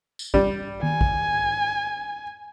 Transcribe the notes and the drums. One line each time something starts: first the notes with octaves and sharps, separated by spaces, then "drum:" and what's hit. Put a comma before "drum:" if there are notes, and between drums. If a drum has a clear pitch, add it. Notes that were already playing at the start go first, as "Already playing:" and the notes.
drum: tambourine
G3, drum: kick A1
G#5, drum: tom D#3
drum: kick A1